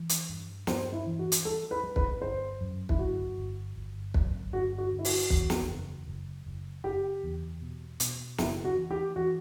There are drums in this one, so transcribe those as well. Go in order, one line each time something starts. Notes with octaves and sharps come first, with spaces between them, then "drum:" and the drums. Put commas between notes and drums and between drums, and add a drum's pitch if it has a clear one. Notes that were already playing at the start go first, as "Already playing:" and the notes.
Already playing: E3
drum: hi-hat
G2
G2 C5, drum: snare
E4
E3
F#4
drum: hi-hat
G3 A4
B4
G3
B4, drum: kick
G1 C5
F#2
E4, drum: kick
G1 F#4
G1
G1
F#2, drum: kick
G1 F#4
F#4
D3
E4
F#4, drum: open hi-hat
E2, drum: kick
drum: snare
F#1
F#1
F#1
F#1 G4
E2
B2
B2, drum: hi-hat
F#1 E4, drum: snare
F#4
E3
G4
E3 F#4